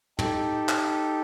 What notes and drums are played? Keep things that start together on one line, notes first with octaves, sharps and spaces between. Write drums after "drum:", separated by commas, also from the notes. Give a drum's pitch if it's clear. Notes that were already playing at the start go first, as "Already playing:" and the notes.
D#4 G4 A4, drum: tom
drum: clap